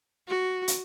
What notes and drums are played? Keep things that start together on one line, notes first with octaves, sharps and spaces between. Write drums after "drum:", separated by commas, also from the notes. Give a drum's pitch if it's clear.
F#4
drum: hi-hat